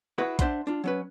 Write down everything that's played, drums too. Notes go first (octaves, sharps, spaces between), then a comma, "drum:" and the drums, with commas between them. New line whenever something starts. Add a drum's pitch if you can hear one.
E4 F#4 G#4 B4 F#5
D4 C5 E5 F#5 C6, drum: kick A#1, hi-hat
D4 F4
F#3 C#4 B4